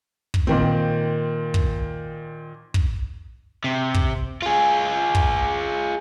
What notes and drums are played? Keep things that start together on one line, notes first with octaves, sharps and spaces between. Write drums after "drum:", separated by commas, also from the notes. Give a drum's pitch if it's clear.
drum: kick
A#2 D#3 C4
drum: kick
drum: kick
C3
drum: kick
F4 G#4
drum: kick